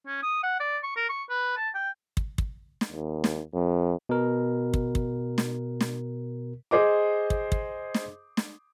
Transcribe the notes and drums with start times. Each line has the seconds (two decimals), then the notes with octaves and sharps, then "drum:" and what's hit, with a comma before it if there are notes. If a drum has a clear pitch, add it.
0.07 C#4
0.23 D#6
0.43 F#5
0.60 D5
0.83 C#6
0.96 A#4
1.09 C#6
1.30 B4
1.57 A5
1.75 G5
2.17 drum: kick
2.38 drum: kick
2.81 drum: snare
2.92 D#2
3.24 drum: snare
3.54 F2
4.09 B2 A#4
4.74 drum: kick
4.95 drum: kick
5.38 drum: snare
5.81 drum: snare
6.71 G#4 C5 D#5 D6
7.30 drum: kick
7.52 drum: kick
7.94 drum: snare
8.37 drum: snare